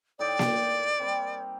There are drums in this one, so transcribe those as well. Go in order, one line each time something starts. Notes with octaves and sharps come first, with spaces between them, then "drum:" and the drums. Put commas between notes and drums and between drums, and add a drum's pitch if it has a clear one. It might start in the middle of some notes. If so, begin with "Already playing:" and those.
A2 D#4 G4 D5
drum: snare A#3
A#4
G3 A#3 C4